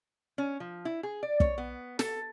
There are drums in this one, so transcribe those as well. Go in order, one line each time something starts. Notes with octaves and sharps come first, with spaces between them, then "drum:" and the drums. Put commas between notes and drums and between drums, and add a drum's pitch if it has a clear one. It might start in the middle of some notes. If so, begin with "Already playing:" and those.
C#4
F3
E4
G#4
D5
C#5, drum: kick
B3
A4, drum: snare